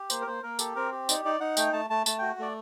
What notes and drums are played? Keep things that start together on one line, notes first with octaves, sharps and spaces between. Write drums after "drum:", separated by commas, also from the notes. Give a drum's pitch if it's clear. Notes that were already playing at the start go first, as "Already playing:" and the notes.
Already playing: G4
A#3 C5, drum: tambourine
A#4
A#3 C5
A#3 A#4
G4 A4, drum: tambourine
C4 A#4
G4
D#4 D5, drum: tambourine
D#4 D5
D#4 F#5
A3 G5, drum: tambourine
A3 A5
A3 A5
A3 A5, drum: tambourine
F#4 G5
A3 D5